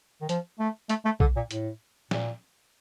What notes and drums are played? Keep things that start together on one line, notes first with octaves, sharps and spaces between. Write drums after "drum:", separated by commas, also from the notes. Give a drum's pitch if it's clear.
D#3
F3, drum: hi-hat
A3
A3, drum: hi-hat
A3
D3, drum: kick B1
A#2
A2, drum: hi-hat
A#2, drum: snare